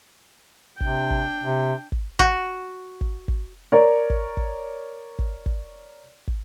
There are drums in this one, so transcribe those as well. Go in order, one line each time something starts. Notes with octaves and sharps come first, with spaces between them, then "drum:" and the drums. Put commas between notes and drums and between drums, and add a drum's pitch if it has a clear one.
C3 D4 G5, drum: kick
drum: kick
C3
drum: kick
F#4, drum: kick
drum: kick
drum: kick
A#4 C#5 D5
drum: kick
drum: kick
drum: kick
drum: kick
drum: kick